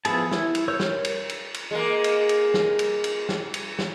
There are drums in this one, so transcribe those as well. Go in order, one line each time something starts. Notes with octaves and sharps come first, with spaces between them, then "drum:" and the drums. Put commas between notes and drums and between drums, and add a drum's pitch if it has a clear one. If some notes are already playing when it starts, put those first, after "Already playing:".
F3 B3 E4 G#4 A5, drum: cymbal
E4, drum: snare
drum: cymbal
A#4 C#5 C#6 E6 G6
drum: snare
drum: cymbal
drum: cymbal
drum: cymbal
G#3 A#3
drum: cymbal
drum: cymbal
drum: snare
drum: cymbal
drum: cymbal
drum: snare
drum: cymbal
drum: snare